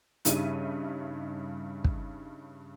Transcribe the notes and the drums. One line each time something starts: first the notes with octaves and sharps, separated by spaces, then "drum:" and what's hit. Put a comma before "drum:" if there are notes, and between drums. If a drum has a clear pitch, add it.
G2 C#3 G3 D#4 E5 D#7, drum: hi-hat
drum: kick